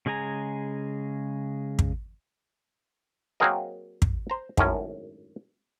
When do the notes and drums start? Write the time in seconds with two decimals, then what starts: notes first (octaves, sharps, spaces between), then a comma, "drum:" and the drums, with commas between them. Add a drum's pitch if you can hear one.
0.06 C#3 G#3 G#4 G#5 A#5
1.79 drum: kick
3.40 F#3 A#3 C4 G#4 A#4 D#5
4.02 drum: kick
4.30 C5 A#5
4.57 G#1 F#2 A2 C#4 A#4, drum: kick